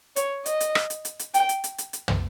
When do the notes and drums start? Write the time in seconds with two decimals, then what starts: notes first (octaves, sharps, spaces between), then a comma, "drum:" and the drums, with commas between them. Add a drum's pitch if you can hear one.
0.16 C#5, drum: hi-hat
0.46 D#5, drum: hi-hat
0.60 drum: hi-hat
0.75 drum: rim click
0.90 drum: hi-hat
1.05 drum: hi-hat
1.19 drum: hi-hat
1.34 G5, drum: hi-hat
1.49 drum: hi-hat
1.64 drum: hi-hat
1.78 drum: hi-hat
1.93 drum: hi-hat
2.08 drum: tom